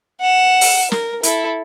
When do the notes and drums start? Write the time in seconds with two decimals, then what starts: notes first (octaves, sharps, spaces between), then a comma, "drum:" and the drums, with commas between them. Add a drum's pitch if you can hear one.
0.21 F#5 E7
0.61 drum: open hi-hat
0.92 A#4, drum: snare
1.23 E4 A4, drum: hi-hat